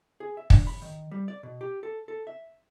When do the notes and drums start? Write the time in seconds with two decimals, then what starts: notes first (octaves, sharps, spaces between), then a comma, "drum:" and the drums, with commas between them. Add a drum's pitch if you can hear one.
0.20 G#4
0.37 E5
0.50 D4, drum: kick
0.67 B5
0.82 D#3
1.11 G3
1.28 D5
1.43 B2
1.61 G4
1.83 A4
2.08 A4
2.27 E5